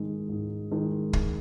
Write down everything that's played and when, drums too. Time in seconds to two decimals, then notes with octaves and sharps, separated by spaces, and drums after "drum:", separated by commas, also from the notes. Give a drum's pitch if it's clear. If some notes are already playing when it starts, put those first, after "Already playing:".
Already playing: G#2 D#3 G#3
0.29 G#2
0.71 D#3 G#3
1.13 drum: kick